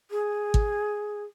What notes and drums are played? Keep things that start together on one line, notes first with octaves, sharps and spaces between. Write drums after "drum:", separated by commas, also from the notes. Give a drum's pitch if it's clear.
G#4
drum: kick